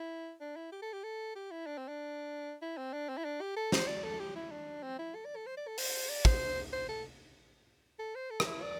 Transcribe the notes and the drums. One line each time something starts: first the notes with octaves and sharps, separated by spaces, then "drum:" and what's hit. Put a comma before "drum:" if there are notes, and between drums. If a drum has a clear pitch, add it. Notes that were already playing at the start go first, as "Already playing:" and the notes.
Already playing: E4
D4
E4
G4
A4
G4
A4
G4
E4
D4
C4
D4
E4
C4
D4
C4
E4
D4
G4
A4
C5, drum: snare
D5
A4
G4
E4
D4
C4
E4
A4
D5
A4
C5
D5
A4
C5, drum: open hi-hat
D5
C5, drum: kick
C5
A4
A4
C5
A4
G4, drum: rim click
E4
D5